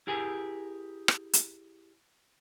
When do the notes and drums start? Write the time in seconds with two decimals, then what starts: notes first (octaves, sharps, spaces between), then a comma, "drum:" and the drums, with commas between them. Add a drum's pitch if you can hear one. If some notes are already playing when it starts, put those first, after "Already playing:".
0.07 E4 G4 G#4 A#4 G#5
1.08 drum: rim click
1.33 drum: hi-hat